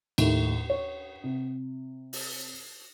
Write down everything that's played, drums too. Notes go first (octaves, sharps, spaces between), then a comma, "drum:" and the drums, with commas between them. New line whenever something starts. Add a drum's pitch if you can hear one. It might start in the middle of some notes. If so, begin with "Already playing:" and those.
D#2 A2, drum: cymbal
C#5
C3
drum: open hi-hat